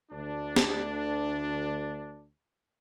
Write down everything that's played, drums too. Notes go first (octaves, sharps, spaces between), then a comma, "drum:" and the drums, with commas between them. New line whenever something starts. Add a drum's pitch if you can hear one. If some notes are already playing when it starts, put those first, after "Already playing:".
D2 D4
drum: snare